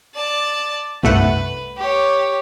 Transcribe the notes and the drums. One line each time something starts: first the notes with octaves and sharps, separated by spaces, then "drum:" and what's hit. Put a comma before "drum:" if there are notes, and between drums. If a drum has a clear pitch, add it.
D5 A5
C2 A3 B4 F#5, drum: tom F#2
G4 C#5